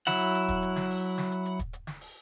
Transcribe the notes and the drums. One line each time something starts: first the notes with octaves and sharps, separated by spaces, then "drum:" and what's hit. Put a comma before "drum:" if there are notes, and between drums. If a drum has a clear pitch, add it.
F#3 E4 F#5, drum: snare
drum: hi-hat
drum: hi-hat
drum: kick, hi-hat
drum: hi-hat
drum: snare
drum: open hi-hat
drum: snare
drum: hi-hat
drum: hi-hat
drum: kick, hi-hat
drum: hi-hat
drum: snare
drum: open hi-hat